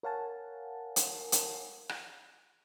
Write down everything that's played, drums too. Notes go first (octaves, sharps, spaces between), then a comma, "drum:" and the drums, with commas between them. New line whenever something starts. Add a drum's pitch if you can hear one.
A#4 C#5 F5 F#5 G#5 A5
drum: hi-hat
drum: hi-hat
drum: rim click